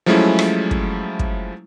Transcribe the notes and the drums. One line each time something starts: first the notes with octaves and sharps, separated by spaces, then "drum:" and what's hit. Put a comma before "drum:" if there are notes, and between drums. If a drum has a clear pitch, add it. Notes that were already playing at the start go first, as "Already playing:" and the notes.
F3 F#3 G#3 A3 C#4 E4
drum: rim click
drum: kick
drum: kick